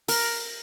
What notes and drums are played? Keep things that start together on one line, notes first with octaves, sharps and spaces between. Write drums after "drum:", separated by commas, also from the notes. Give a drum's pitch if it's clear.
A#4, drum: open hi-hat